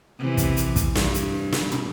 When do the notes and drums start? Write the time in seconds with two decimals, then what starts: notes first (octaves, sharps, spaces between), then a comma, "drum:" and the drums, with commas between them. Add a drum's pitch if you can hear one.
0.18 C3 E3
0.37 drum: kick, hi-hat
0.57 drum: hi-hat
0.76 drum: kick, hi-hat
0.95 G2, drum: snare
1.14 drum: hi-hat
1.52 drum: snare
1.72 drum: tom